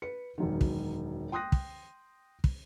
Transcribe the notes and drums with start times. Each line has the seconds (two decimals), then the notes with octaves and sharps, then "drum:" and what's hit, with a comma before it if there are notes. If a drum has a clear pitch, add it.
0.02 B4 C#7
0.38 E1 F#2 D#3
0.61 drum: kick
1.32 G5 C6 D#6 F#6 A#6
1.52 drum: kick
2.44 drum: kick